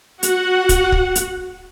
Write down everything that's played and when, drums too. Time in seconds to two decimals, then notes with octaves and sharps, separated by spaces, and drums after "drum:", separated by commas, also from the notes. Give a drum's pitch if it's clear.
0.23 F#4 F#5, drum: hi-hat
0.69 drum: kick, hi-hat
0.92 drum: kick
1.15 drum: hi-hat